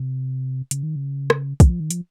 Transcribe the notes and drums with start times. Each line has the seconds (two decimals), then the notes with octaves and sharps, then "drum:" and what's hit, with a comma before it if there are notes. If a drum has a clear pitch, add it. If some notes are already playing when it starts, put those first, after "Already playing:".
Already playing: C3
0.71 C#3, drum: hi-hat
0.83 D#3
0.96 C#3
1.30 drum: rim click
1.60 D#3, drum: kick, hi-hat
1.70 F3
1.80 D#3
1.91 F3, drum: hi-hat